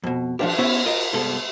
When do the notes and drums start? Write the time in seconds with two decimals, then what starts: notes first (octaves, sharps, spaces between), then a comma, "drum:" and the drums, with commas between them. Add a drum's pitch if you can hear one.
0.04 F2 B2
0.39 F3 D4 G4, drum: cymbal
0.58 B3 C#4 E4 B4 C5 E5
0.86 F4 A#4 D#5
1.13 C2 G2 G3 G#3 B3 A4